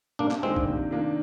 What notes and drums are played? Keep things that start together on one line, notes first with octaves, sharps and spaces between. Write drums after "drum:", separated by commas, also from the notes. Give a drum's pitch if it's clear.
C3 A#3 D4
drum: clap
D#3 G#3 A#3 C4 D4 F4
drum: kick B1
C3
D#3 A#3 D4 F4